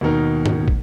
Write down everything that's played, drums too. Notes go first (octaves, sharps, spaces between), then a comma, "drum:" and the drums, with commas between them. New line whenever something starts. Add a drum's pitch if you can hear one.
D#2 B2 D#3 D#4 A#4
drum: tom
drum: kick